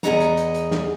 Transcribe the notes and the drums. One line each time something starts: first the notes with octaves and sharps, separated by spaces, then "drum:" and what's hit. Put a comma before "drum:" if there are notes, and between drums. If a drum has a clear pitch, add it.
E2 A#2 G#4 D#5 F#5 A#5, drum: snare
drum: hi-hat
drum: hi-hat
drum: hi-hat
drum: snare